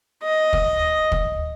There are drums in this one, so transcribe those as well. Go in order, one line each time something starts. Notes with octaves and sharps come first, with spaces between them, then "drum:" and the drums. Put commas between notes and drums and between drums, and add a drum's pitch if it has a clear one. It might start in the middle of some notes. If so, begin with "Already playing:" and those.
D#5
drum: kick
drum: kick